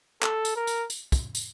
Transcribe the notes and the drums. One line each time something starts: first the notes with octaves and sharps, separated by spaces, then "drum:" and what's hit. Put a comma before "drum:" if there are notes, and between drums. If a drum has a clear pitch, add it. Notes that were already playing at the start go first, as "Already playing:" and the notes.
A4, drum: clap
drum: tambourine
A#4
drum: tambourine
drum: tambourine
drum: kick, tambourine
drum: tambourine